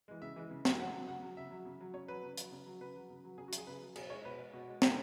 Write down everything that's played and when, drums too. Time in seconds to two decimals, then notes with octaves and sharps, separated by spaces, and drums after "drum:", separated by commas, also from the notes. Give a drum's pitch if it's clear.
0.08 E3 G#3
0.22 C#3 E5
0.36 E3 G#3
0.51 C#3
0.65 F#3, drum: snare
0.79 C#3 F#5
0.94 F#3
1.07 C#3 F#5
1.22 F#3
1.37 C#3 E5
1.51 F#3
1.65 C#3
1.81 F#3
1.94 C#3 C#5
2.08 F#3 B4
2.23 C#3
2.37 F#3, drum: hi-hat
2.52 C#3
2.66 F#3
2.81 C#3 B4
2.96 F#3
3.10 C#3
3.24 F#3
3.38 C#3 G#4
3.48 F#4
3.53 F#3, drum: hi-hat
3.58 G#4
3.67 C#3 B4
3.81 F#3
3.96 B2 G#4, drum: cymbal
4.10 G#3 C#5
4.24 B2 B4
4.39 G#3
4.53 B2 F#4
4.67 G#3
4.82 B2, drum: snare